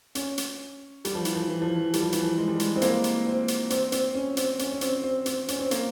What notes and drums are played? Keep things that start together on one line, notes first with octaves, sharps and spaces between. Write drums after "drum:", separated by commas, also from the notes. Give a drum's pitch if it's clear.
C#4, drum: hi-hat
drum: hi-hat
G3, drum: hi-hat
F3
E3, drum: hi-hat
F3
E3
F3
E3
G3, drum: hi-hat
F3
E3, drum: hi-hat
F3
G#3
G3
G#3, drum: hi-hat
C4
A#3, drum: hi-hat
drum: hi-hat
C4
drum: hi-hat
C4, drum: hi-hat
C4, drum: hi-hat
C#4
C4, drum: hi-hat
C#4, drum: hi-hat
C#4
C4, drum: hi-hat
C4
C4, drum: hi-hat
C#4, drum: hi-hat
C4
A#3, drum: hi-hat